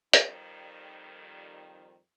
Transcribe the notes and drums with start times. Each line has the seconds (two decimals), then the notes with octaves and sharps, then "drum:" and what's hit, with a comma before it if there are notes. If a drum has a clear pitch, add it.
0.13 F2 D#3 G3, drum: hi-hat